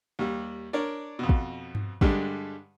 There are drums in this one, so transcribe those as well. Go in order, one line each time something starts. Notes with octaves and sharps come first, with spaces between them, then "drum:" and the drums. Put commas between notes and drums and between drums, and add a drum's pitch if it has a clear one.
D#2 G3
D4 A#4 C#5 D5
F2 B2
drum: kick
drum: tom G2
G2 D3 G3 G#3, drum: kick